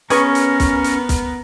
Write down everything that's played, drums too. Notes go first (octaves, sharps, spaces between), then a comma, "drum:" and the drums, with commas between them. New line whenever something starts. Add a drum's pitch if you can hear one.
B3 C#4 G#4 A#4 B4 C#6, drum: hi-hat
drum: hi-hat
drum: kick, hi-hat
drum: hi-hat
drum: kick, hi-hat